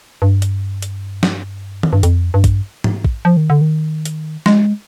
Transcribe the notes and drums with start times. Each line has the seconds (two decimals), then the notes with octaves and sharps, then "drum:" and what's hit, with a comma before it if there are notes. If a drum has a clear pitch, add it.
0.22 G2
0.42 drum: hi-hat
0.82 drum: hi-hat
1.23 drum: snare
1.83 drum: tom D#3
1.93 G2
2.03 F2, drum: hi-hat
2.34 G2
2.44 drum: kick, hi-hat
2.84 drum: tom G#2
3.05 drum: kick
3.25 F3
3.37 D#3
3.50 D3
3.61 D#3
4.05 drum: hi-hat
4.46 G#3, drum: snare